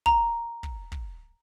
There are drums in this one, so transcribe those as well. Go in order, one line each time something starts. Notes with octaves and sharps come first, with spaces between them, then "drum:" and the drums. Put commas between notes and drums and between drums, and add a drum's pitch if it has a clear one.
A#5, drum: kick
drum: kick
drum: kick